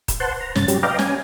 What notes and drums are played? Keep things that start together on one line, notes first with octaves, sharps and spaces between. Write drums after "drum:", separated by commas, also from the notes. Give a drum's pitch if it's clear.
drum: kick D#1, hi-hat
B4 C5 F#5 A5 C6
A#5
G2 C3 C#4 A6, drum: snare
F#3 G3 C#4 G4, drum: hi-hat
B4 D5 D#5 F5 G5 A#5
C#4 G#5, drum: snare